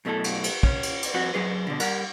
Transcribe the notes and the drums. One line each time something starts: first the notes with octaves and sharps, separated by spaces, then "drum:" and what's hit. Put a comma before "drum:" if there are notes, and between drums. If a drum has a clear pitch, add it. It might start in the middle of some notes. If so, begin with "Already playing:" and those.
F#2 B2 A3 E4 A4
drum: cymbal
drum: cymbal
C#4, drum: kick
drum: cymbal
drum: cymbal
F2 C4 F#4 F#5
F#2 F#3 G#4 B4
B2 D3
G3 A#4 F#5, drum: cymbal